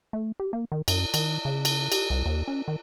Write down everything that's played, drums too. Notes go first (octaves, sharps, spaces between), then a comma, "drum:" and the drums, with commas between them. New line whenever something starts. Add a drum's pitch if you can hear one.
A3
G4
A#3
D#3
F#2, drum: cymbal
D#3, drum: cymbal
C#3
drum: cymbal
G4, drum: cymbal
C2
D#2
C#4
D#3